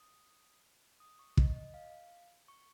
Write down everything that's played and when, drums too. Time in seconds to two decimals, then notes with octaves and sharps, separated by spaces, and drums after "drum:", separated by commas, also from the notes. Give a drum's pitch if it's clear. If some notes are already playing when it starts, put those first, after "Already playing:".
Already playing: D#6
1.00 D#6
1.19 C#6
1.37 D#5, drum: kick
1.56 D#5
1.74 F5
2.48 C#6